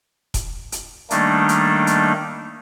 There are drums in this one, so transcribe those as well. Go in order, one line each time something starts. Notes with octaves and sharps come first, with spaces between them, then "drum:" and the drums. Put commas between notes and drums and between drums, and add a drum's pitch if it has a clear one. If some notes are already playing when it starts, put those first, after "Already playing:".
drum: kick E1, hi-hat
drum: hi-hat
D#3 G3 A3 A#3 D4 D#4, drum: hi-hat
drum: hi-hat
drum: hi-hat